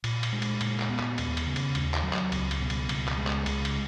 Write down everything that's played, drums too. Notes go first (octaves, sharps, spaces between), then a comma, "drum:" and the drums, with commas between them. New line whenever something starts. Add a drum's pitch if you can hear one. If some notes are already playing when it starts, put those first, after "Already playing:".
A#2, drum: cymbal
drum: cymbal
G#3
drum: cymbal
A#2, drum: cymbal
drum: clap
B3
drum: clap
D#2, drum: cymbal
drum: cymbal
C#3
drum: cymbal
D#2, drum: cymbal
drum: clap
F#3
drum: clap
C#2, drum: cymbal
drum: cymbal
B2
drum: cymbal
C#2, drum: cymbal
drum: clap
G#3
drum: clap
C#2, drum: cymbal
drum: cymbal